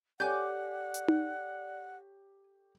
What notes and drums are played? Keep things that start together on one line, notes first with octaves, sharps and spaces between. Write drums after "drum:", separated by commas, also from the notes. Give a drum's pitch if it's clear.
G4 A4 C#5 D5 F#5 G#5 D6 G6
drum: hi-hat
drum: tom D#4